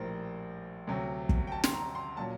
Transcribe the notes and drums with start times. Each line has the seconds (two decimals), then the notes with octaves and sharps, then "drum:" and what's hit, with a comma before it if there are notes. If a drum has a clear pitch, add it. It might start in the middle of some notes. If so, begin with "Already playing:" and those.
Already playing: A#1 A2 G3 A#4 C5
0.87 D2 C3 F#3
1.29 drum: kick
1.47 G5
1.52 A5
1.64 C6, drum: snare
1.73 A#5
1.95 C6
2.17 A#2 F#3 A5